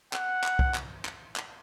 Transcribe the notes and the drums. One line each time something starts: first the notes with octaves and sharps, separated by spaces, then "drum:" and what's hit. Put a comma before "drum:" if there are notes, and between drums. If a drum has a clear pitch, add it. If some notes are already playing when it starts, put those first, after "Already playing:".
F#5, drum: clap
drum: clap
drum: kick
drum: clap
drum: clap
drum: clap